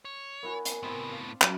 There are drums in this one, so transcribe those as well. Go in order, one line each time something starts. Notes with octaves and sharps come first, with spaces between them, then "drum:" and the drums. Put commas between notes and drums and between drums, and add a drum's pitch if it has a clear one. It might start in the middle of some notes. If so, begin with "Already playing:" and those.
C#5
B3 E4 F#4 A#4 G#5
drum: hi-hat
A2 B3 C4 E4 E5
D4 F5
F#3 G3 C#4 F#4, drum: clap